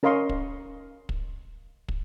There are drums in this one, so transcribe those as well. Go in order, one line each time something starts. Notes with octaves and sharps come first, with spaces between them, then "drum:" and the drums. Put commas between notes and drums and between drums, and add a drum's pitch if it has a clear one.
C#4 A#4 D#5 F5 C6 C#6
drum: kick
drum: kick
drum: kick